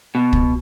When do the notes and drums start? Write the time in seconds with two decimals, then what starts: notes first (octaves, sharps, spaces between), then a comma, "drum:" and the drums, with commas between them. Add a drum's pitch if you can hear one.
0.15 B2
0.33 drum: kick